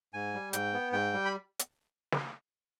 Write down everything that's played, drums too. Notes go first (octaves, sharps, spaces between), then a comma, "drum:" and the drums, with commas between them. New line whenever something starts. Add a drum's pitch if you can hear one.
G#2 G#5
G3
G#2 G5, drum: hi-hat
B3
G#2 G5
G3
B5
drum: hi-hat
drum: snare